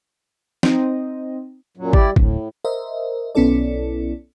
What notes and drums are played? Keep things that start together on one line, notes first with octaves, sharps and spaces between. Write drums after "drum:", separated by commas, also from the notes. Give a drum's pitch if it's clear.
C4 D#4 D#5, drum: snare
F#2 A#2 F#3
G3 E4 G4 D5, drum: kick G#1
D1 A2, drum: kick G#1
A#4 C5 D#5 E5
B1 B3 C#4 E4 A4 D5